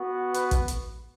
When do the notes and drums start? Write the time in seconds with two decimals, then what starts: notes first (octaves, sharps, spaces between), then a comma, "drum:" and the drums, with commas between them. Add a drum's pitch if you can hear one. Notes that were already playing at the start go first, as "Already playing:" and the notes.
Already playing: B3 F#4
0.35 B4, drum: hi-hat
0.51 drum: kick, hi-hat
0.68 drum: hi-hat